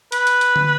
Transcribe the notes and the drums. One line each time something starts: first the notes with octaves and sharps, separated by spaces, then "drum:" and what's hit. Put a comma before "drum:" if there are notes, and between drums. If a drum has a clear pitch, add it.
B4, drum: hi-hat
drum: hi-hat
drum: hi-hat
drum: tom D3